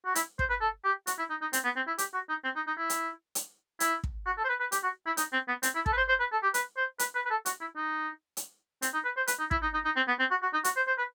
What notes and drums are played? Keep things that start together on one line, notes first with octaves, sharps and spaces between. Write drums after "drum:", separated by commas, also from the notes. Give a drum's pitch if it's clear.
F#4
E4, drum: hi-hat
C5, drum: kick
B4
A4
G4
F#4, drum: hi-hat
E4
D#4
D#4
C4, drum: hi-hat
B3
C4
E4
G4, drum: hi-hat
F#4
D#4
C4
D#4
D#4
E4
drum: hi-hat
drum: hi-hat
E4, drum: hi-hat
drum: kick
F#4
A4
C5
B4
B4
G4, drum: hi-hat
F#4
E4
D#4, drum: hi-hat
C4
B3
C4, drum: hi-hat
E4
A4, drum: kick
B4
C5
C5
B4
A4
G4
B4, drum: hi-hat
C5
B4, drum: hi-hat
B4
B4
A4
F#4, drum: hi-hat
E4
D#4
drum: hi-hat
C4, drum: hi-hat
D#4
B4
C5
B4, drum: hi-hat
D#4
E4, drum: kick
D#4
D#4
D#4
C4
B3
C4
F#4
F#4
D#4
F#4, drum: hi-hat
C5
C5
B4